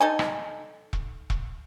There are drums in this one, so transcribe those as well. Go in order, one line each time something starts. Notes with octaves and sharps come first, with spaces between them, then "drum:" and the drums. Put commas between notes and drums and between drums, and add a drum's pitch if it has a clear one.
D#4 A4 G#5
drum: rim click
drum: kick E1
drum: kick E1